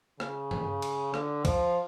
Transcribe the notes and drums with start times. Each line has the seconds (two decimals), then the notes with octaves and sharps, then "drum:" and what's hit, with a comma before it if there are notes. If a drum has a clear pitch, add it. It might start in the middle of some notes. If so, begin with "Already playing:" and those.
0.20 C#3, drum: rim click
0.51 drum: tom G2
0.82 drum: cymbal
1.14 D3, drum: rim click
1.45 F3, drum: kick, cymbal